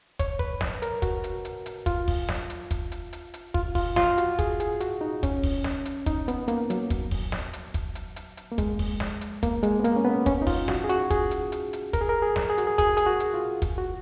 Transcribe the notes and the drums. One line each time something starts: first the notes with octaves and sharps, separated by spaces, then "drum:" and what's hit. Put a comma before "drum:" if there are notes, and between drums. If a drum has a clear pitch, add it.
C#5, drum: kick, hi-hat
B4, drum: kick
drum: snare
A#4, drum: hi-hat
F#4, drum: kick, hi-hat
drum: hi-hat
drum: hi-hat
drum: hi-hat
F4, drum: kick, hi-hat
drum: kick, open hi-hat
drum: snare
drum: hi-hat
drum: kick, hi-hat
drum: hi-hat
drum: hi-hat
drum: hi-hat
F4, drum: kick
F4, drum: kick, open hi-hat
F4, drum: snare
F#4, drum: hi-hat
G#4, drum: kick, hi-hat
G#4, drum: hi-hat
F#4, drum: hi-hat
D#4
C#4, drum: kick, hi-hat
drum: kick, open hi-hat
drum: snare
drum: hi-hat
D#4, drum: kick, hi-hat
B3, drum: hi-hat
A#3, drum: hi-hat
F#3, drum: hi-hat
drum: kick, hi-hat
drum: kick, open hi-hat
drum: snare
drum: hi-hat
drum: kick, hi-hat
drum: hi-hat
drum: hi-hat
drum: hi-hat
A#3
G#3, drum: kick, hi-hat
drum: kick, open hi-hat
drum: snare
drum: hi-hat
A#3, drum: kick, hi-hat
G#3, drum: hi-hat
B3
A#3, drum: hi-hat
C#4
B3
C#4, drum: kick, hi-hat
D#4
F4, drum: kick, open hi-hat
F#4, drum: snare
G#4
F#4, drum: hi-hat
G#4, drum: kick, hi-hat
drum: hi-hat
drum: hi-hat
drum: hi-hat
A#4, drum: kick, hi-hat
G#4
A#4
G#4
drum: snare
G#4
F#4, drum: hi-hat
G#4
G#4, drum: kick, hi-hat
G#4, drum: hi-hat
F#4
drum: hi-hat
F4
drum: kick, hi-hat
F#4